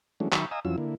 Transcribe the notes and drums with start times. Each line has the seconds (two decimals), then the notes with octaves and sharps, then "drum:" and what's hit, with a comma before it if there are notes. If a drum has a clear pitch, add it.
0.20 E3 F#3 G#3 A3 C#4 D4
0.32 D#3 F#3 E5 B5 C#6, drum: clap
0.51 D#5 F5 G#5 A#5 D#6 E6
0.65 F2 E3 F#3 C#4 F4 E6
0.78 D3 A#3 E4